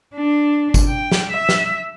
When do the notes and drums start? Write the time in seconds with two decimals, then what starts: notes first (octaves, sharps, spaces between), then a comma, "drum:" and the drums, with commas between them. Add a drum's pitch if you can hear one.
0.15 D4
0.74 drum: kick, tambourine
0.86 G5
1.11 drum: snare
1.30 E5
1.49 drum: snare